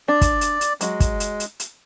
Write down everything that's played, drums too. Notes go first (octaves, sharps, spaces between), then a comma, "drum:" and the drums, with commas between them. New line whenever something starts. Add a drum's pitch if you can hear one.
D4 D5
drum: kick, hi-hat
drum: hi-hat
drum: hi-hat
F#3 G#3 F#4, drum: hi-hat
drum: kick, hi-hat
drum: hi-hat
drum: hi-hat
drum: hi-hat